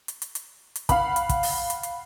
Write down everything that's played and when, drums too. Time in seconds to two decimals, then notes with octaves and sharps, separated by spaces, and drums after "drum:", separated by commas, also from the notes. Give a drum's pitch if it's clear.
0.08 drum: hi-hat
0.22 drum: hi-hat
0.35 drum: hi-hat
0.76 drum: hi-hat
0.89 F5 F#5 B5, drum: kick, hi-hat
1.16 drum: hi-hat
1.29 drum: kick, hi-hat
1.43 drum: open hi-hat
1.70 drum: hi-hat
1.83 drum: hi-hat